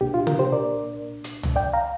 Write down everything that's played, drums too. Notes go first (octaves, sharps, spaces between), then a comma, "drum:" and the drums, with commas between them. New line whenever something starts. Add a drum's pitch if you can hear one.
C2 A#2 A#3 D4 G4
F4
F4 A#4, drum: tom C3
G4 C5
A#4 D5
drum: hi-hat
drum: tom C2
D5 G5
F5 A#5